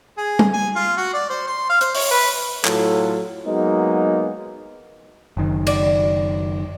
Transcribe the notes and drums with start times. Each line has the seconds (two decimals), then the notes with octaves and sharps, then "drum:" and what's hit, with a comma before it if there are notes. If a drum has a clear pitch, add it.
0.17 G#4
0.39 drum: tom G3
0.53 G#5
0.76 F4
0.97 F#4
1.13 D5
1.30 C5
1.47 C6
1.69 F5
1.81 C5, drum: hi-hat
1.95 C#5, drum: open hi-hat
2.11 B4
2.65 A2 F#3 F4 A4, drum: clap
3.47 F#3 G#3 A#3 B3 D#4
5.37 F#1 D#3
5.67 D5, drum: cymbal